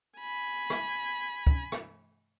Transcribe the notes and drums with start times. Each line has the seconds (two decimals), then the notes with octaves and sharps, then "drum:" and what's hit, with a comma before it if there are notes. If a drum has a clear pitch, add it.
0.19 G#5 B5
0.70 drum: rim click
1.47 drum: kick
1.72 drum: rim click